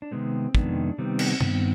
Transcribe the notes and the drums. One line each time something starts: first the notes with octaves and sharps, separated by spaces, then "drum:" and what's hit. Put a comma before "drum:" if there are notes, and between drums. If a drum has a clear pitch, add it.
D4
C3 D#3 G#3 B3 C4
F2 C3 D#3 G#3 B3 D4, drum: kick
C3 D#3 G3 B3 C4
drum: cymbal
G2 D#3 B3 C4, drum: tom